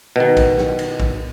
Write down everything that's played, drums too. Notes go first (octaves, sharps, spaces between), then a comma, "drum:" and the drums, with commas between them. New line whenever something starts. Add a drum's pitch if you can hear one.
B2 D#3
drum: kick, cymbal
drum: snare
drum: cymbal
drum: kick